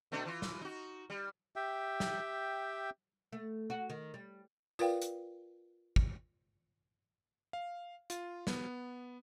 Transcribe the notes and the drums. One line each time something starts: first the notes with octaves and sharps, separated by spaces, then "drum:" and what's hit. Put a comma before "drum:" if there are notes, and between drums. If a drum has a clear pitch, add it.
B2 A3 D4
E3 F4
drum: snare
D#4 F#4
G3
G4 E5 G5
drum: snare
A3
F#4
D#3
G3
F4 A#4 B4 D5 F5 G5, drum: tambourine
drum: hi-hat
drum: kick
F5
F4, drum: hi-hat
B3, drum: snare